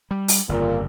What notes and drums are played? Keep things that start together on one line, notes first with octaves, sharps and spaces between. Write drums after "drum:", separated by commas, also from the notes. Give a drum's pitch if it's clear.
G3
drum: open hi-hat
G1 F2 A#2 C#3